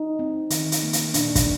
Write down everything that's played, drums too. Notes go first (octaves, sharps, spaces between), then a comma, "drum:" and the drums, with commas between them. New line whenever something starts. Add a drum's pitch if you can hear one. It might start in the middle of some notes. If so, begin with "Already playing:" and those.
Already playing: D#4
C4
D#3, drum: hi-hat
drum: hi-hat
A#3
drum: hi-hat
A#2 D4, drum: hi-hat
drum: kick, hi-hat